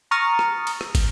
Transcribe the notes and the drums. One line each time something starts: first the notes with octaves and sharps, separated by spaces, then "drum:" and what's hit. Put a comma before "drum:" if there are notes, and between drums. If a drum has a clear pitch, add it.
A#5 C#6 D#6 F6 A6
drum: rim click
drum: cymbal
drum: rim click
drum: kick, cymbal